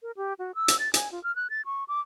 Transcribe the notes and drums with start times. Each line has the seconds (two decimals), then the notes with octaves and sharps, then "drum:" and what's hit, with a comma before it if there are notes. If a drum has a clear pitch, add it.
0.03 A#4
0.17 G4
0.39 F#4
0.55 E6
0.68 drum: hi-hat
0.79 A6
0.94 G#5, drum: hi-hat
1.12 F4
1.24 F6
1.36 F#6
1.50 A6
1.66 C#6
1.88 D6